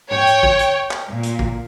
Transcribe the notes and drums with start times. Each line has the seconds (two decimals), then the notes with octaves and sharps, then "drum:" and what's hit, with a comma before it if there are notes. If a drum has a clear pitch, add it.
0.11 C#5 G5, drum: tom G#2
0.27 drum: hi-hat
0.43 drum: kick
0.59 drum: hi-hat
0.91 drum: clap
1.10 A#2
1.23 drum: hi-hat
1.39 drum: kick